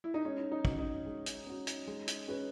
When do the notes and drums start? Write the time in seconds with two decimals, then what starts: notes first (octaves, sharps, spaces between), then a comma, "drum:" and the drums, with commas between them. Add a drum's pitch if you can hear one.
0.04 E4
0.14 D#4
0.25 G#3 C#4
0.52 D#4
0.65 C#4 F#4, drum: kick
0.79 D#4
1.06 G#3
1.26 drum: hi-hat
1.47 C#4 F#4
1.67 drum: hi-hat
1.87 G#3
2.08 drum: hi-hat
2.28 C#4 G#4 B4